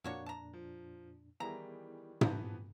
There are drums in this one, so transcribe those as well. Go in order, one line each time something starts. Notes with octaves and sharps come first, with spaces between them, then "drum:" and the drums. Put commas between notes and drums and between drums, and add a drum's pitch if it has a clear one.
F2 A#2 A#3 D4 F#4 C#5
A5 A#5
F3
D#3 E3 G3 B3 E4 G#4 A#5
E3 F3 B3 G4 A5 A#5, drum: tom